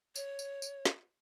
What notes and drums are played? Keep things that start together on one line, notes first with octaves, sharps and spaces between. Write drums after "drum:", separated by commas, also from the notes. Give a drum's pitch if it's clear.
C#5, drum: tambourine
drum: tambourine
drum: tambourine
drum: snare